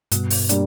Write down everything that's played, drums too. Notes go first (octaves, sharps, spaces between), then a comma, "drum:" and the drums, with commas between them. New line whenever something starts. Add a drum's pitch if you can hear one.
G2 B2, drum: hi-hat
drum: open hi-hat
G3 A#3 D4, drum: hi-hat